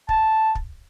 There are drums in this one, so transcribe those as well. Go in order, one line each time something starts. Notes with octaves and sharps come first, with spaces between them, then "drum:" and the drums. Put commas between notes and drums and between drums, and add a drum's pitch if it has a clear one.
A5, drum: kick
drum: kick